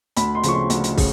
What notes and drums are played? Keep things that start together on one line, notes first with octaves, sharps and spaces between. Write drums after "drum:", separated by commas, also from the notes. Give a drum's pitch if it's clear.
D2 B5, drum: hi-hat
C6
C#3 F3 C#6, drum: hi-hat
C6
D2, drum: hi-hat
drum: hi-hat
C#3, drum: kick, open hi-hat